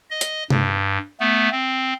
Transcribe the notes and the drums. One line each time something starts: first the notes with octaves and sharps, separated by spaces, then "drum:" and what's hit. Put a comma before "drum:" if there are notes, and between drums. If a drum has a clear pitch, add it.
D#5
drum: hi-hat
G2, drum: tom C3
A3 B3
C4